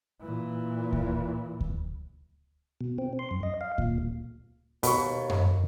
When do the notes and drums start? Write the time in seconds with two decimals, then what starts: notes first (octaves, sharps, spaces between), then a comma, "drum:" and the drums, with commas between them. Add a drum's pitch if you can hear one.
0.21 A#2 E3
0.93 drum: kick D2
1.60 drum: kick D2
2.81 B2
2.98 C4
3.19 C6
3.31 F#2
3.43 D#5
3.61 F5
3.78 A#2, drum: kick D2
4.83 D#2 B2 B5 C#6, drum: hi-hat
5.30 drum: tom F#2